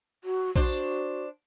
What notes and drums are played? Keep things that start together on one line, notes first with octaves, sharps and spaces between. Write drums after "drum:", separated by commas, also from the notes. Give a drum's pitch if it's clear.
F#4
D4 F#4 C5, drum: kick A#1